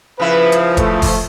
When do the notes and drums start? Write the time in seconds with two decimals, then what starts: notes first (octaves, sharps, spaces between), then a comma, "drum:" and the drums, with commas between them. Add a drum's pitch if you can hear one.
0.20 C#3 F3 E4 B4
0.52 drum: hi-hat
0.77 A3, drum: kick F1, hi-hat
1.02 drum: kick F1, open hi-hat